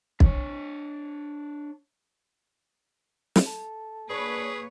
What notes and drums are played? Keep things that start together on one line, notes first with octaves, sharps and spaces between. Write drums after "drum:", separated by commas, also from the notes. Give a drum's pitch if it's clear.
D4 C#5, drum: kick
drum: snare
A4
A#3 D4 G#4 B4 C#5